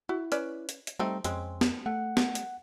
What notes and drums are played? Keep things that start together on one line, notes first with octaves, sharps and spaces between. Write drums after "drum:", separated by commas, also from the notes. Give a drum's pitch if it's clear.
E4 F#4
C#4 B4 D5, drum: hi-hat
drum: hi-hat
drum: hi-hat
G3 A3 C4 D#4
F2 G#3 C4 C#4, drum: hi-hat
drum: snare
A3 F#5
drum: snare
drum: hi-hat